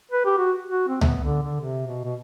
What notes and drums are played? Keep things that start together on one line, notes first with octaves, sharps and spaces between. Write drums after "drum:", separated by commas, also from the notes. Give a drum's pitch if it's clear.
B4
G4
F#4
F#4
C4
A3, drum: tom C#2
B3
D3
D3
C3
B2
B2